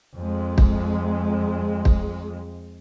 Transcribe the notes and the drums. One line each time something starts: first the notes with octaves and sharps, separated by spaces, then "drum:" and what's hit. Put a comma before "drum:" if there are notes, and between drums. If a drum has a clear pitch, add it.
F2 G#3
drum: kick
drum: kick